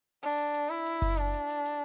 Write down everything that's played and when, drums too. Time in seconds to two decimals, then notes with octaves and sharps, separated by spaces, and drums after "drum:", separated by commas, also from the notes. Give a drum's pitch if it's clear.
0.23 D4, drum: open hi-hat
0.38 drum: hi-hat
0.54 drum: hi-hat
0.69 E4
0.86 drum: hi-hat
1.02 drum: kick F#1, open hi-hat
1.17 D4, drum: hi-hat
1.34 drum: hi-hat
1.50 drum: hi-hat
1.66 drum: hi-hat